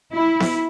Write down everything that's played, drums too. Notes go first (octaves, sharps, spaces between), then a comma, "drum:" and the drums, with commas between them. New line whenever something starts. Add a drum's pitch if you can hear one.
E4
drum: snare B3